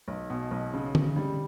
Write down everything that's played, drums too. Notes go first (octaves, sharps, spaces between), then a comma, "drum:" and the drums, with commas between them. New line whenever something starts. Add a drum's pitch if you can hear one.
B1
B2
B1
C#3
C#3, drum: tom D3
G3